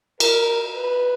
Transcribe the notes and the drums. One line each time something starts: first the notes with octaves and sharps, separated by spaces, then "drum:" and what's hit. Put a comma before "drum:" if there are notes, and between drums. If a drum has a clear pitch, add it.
A#4, drum: cymbal
B4